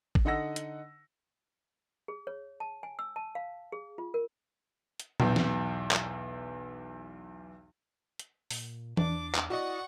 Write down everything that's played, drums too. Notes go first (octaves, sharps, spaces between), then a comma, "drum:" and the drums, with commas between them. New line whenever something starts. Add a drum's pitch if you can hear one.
drum: kick
D3 D#4 D#5 F#5 E6 A#6
drum: hi-hat
G#4
C#5
A5
G#5
E6
A5
F5
G#4
F4
A#4
drum: hi-hat
B1 E2, drum: tom A#2
drum: snare
drum: clap
drum: hi-hat
A#2, drum: open hi-hat
E2 D4 D6, drum: tom E3
drum: clap
E4 F#4 D5 D#5 F#5 C#6